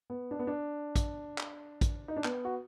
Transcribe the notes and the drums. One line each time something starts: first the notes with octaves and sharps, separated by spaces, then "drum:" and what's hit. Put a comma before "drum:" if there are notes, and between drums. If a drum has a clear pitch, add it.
B3
D4
B3
D4
drum: kick A1, hi-hat
drum: clap
drum: kick A1, hi-hat
D#4
D4
B3, drum: clap
F#4